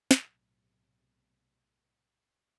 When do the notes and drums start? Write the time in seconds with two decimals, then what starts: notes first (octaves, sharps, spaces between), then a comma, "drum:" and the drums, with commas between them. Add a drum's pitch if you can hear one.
0.11 B1 A2 C3, drum: snare